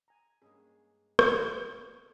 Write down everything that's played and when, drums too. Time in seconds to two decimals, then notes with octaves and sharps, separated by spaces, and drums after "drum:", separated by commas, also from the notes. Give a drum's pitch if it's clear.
0.08 G#5 A#5
0.42 G2 G#3 A#3 C#4 G#4
1.19 drum: rim click